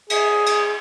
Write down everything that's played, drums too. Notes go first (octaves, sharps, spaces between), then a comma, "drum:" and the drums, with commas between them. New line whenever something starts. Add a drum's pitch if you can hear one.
G#4, drum: cymbal
drum: cymbal